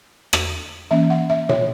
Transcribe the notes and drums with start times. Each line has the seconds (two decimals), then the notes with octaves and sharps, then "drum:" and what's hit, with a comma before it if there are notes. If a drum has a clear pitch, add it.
0.33 drum: rim click
0.91 E3 A#3 C#4 E5
1.10 F#5
1.30 E5
1.49 C#5, drum: tom A#2